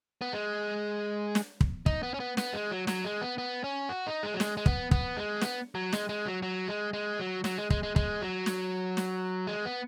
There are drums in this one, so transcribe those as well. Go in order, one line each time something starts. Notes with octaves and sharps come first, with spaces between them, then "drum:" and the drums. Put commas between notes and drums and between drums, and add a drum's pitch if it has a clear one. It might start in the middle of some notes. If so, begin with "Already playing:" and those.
B3
G#3
drum: snare
drum: kick
D#4, drum: kick
B3
C#4
B3
B3, drum: snare
G#3
F#3
F#3, drum: snare
G#3
B3
B3
C#4
F#4
D#4
G#3
F#3
G#3, drum: snare
G#3
B3, drum: kick
B3, drum: kick
G#3
B3, drum: snare
F#3
G#3, drum: snare
G#3
F#3
F#3
G#3
G#3
F#3
F#3, drum: snare
G#3
G#3, drum: kick
G#3
G#3, drum: kick
F#3
drum: snare
drum: snare
G#3
B3